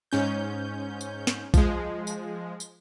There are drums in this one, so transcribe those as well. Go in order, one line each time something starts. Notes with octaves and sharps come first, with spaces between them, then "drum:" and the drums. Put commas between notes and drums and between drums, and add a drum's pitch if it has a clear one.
G#2 C#4 G6
drum: tambourine
drum: snare
F3 G#3, drum: kick A#1, tambourine
drum: tambourine
drum: tambourine